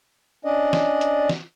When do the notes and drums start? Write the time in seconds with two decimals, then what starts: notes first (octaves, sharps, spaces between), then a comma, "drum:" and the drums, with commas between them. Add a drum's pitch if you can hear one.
0.45 C#4 D4 D5 D#5
0.73 drum: snare
1.01 drum: hi-hat
1.29 drum: snare